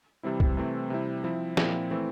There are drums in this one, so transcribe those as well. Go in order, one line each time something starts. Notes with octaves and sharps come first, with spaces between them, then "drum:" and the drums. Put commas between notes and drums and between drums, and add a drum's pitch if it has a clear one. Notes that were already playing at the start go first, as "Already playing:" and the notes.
C3 E3 G3 C4 E4
drum: kick
C3 E3 A3 C4 E4
C3 G3 C4 E4
F3 C4 E4
A#2 F3 C4 E4, drum: snare
E3 A3 C4 E4